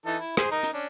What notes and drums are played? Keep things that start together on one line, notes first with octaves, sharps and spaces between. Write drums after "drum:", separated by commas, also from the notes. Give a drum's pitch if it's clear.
E3 D#4 A4
E4
G#4 C5, drum: rim click
D#4 A#4 A#5
drum: hi-hat
C#4 D4